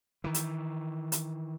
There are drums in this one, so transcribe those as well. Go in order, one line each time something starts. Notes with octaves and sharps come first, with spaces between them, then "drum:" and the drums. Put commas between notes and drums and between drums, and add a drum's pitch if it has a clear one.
D#3 E3
drum: hi-hat
drum: hi-hat